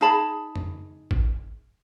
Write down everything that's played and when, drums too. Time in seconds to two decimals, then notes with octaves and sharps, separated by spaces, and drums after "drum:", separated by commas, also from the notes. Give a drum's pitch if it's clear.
0.01 D#4 G#4 A5 B5
0.56 drum: tom F2
1.11 drum: kick